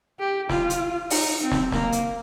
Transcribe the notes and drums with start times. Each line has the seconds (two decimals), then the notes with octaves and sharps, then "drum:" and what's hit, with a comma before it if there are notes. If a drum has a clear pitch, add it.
0.19 G4
0.49 F4, drum: snare
0.70 drum: hi-hat
1.10 D#4, drum: open hi-hat
1.42 C4
1.52 drum: snare
1.72 A#3, drum: snare
1.92 drum: hi-hat